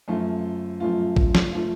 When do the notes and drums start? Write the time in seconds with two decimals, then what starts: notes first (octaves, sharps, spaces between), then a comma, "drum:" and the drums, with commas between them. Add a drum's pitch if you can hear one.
0.08 F#2 F3 A3 F4
0.80 F#2 F3 A3 F4
1.17 drum: kick
1.35 drum: snare
1.52 F3 A3 F4